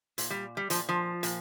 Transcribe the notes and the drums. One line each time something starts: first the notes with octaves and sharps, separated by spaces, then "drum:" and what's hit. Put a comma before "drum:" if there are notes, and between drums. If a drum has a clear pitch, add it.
A#2, drum: hi-hat
G3
G3
A#2 F3, drum: hi-hat
F3
A#2, drum: hi-hat